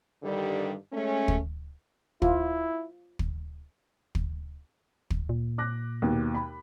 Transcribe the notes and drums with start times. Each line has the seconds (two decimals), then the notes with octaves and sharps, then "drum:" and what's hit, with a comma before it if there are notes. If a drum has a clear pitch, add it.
0.23 G2 D3 D#3 G3
0.93 G#3 A3 C#4
1.28 drum: kick
2.22 E4 F4, drum: kick
3.19 drum: kick
4.15 drum: kick
5.10 drum: kick
5.29 A#2
5.58 D6 F#6 A#6
6.02 D#2 B2
6.35 B5